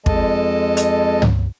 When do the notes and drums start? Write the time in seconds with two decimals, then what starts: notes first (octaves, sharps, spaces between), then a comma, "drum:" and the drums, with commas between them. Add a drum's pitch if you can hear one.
0.06 F2 G#3 A4 D#5 A5, drum: kick
0.77 drum: hi-hat
1.22 drum: tom